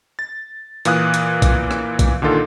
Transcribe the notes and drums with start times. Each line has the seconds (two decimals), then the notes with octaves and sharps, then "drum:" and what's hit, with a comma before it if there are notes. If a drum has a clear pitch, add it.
0.19 A6
0.85 A#2 E3 F5 D#6 F#6, drum: hi-hat
1.14 drum: hi-hat
1.42 drum: kick B1, hi-hat
1.71 drum: rim click
1.99 drum: kick B1, hi-hat
2.22 A#2 D3 D#3 F4 A4